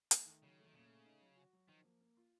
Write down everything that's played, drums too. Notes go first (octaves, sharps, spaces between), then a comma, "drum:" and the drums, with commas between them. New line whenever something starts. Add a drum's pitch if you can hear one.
A3, drum: hi-hat
D#3
C#3 F#3
A3
D#3
A#2 C#3
A3
D#4
F#3
F#4
F#3
D#3 F3
A#3
A#3
F4